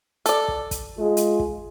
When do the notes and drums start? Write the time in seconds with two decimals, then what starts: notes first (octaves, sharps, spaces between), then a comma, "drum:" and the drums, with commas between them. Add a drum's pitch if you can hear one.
0.26 A4 D5, drum: hi-hat
0.48 drum: kick
0.71 drum: kick, hi-hat
0.98 G#3 F4
1.17 drum: hi-hat
1.40 drum: kick